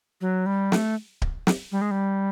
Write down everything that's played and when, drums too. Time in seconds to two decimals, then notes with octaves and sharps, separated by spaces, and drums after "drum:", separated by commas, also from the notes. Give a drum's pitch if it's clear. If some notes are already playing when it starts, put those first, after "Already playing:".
0.21 F#3
0.46 G3
0.72 A3, drum: snare
1.22 drum: kick D1
1.47 drum: snare
1.72 G3
1.81 G#3
1.91 G3